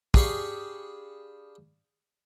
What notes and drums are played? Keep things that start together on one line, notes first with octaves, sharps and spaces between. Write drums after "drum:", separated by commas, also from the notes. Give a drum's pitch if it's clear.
D4 G4 G#4 F5 B5 C#6, drum: kick